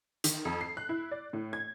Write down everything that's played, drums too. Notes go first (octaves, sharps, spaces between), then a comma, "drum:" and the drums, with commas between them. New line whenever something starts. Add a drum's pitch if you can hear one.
D#3, drum: hi-hat
F2
C7
F#6
E4
D5
A2
G#6